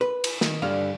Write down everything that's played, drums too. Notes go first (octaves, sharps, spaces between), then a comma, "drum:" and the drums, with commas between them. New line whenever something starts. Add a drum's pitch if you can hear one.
B4
drum: cymbal
D#3, drum: snare
G2 D3 F5